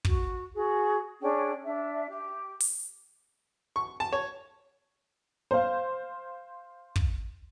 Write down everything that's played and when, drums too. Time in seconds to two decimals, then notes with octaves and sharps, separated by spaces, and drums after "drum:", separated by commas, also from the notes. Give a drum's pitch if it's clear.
0.05 F#4, drum: kick
0.55 F#4 G#4
1.21 C#4 D4 G#4 G5
1.64 D4 E5
2.07 G4
2.60 drum: open hi-hat
3.76 C#6
4.00 A5
4.13 C#5
5.51 C5 F5
6.96 drum: kick